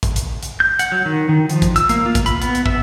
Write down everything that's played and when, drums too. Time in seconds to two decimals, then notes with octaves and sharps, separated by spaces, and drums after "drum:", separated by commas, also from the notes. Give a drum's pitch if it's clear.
0.03 drum: kick, hi-hat
0.16 drum: hi-hat
0.43 drum: hi-hat
0.60 G6
0.79 F#5, drum: hi-hat
0.92 F#3
1.06 D#3
1.29 D#3
1.50 F3, drum: hi-hat
1.62 drum: kick, hi-hat
1.76 E6, drum: hi-hat
1.89 A#3, drum: hi-hat
2.06 F4
2.15 drum: kick, hi-hat
2.26 B5, drum: hi-hat
2.42 B3, drum: hi-hat
2.55 drum: hi-hat
2.66 E5, drum: kick